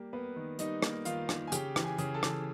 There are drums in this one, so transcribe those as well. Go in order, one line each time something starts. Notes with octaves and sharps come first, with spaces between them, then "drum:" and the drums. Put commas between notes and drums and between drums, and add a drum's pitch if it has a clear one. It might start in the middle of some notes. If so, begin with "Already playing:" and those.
Already playing: G3 A#3 G4
A#3 B3 B4
D#3
G3 D#4 D#5, drum: hi-hat
A#3, drum: rim click
D#3 F4 F5, drum: hi-hat
D#3, drum: rim click
G#5
C#3 G4 G5, drum: hi-hat
E3, drum: rim click
G#4 G#5
C#3, drum: hi-hat
A4 A5
E3, drum: rim click